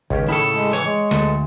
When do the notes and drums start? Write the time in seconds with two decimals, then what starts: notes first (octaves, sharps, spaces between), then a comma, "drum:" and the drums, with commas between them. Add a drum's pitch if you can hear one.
0.10 C#2 D#3 C#4 G4, drum: kick
0.29 A2 C#3 E4 A4
0.53 G#3
0.73 E3 C#5, drum: hi-hat
0.85 G#3
1.11 D2 A4 B4, drum: snare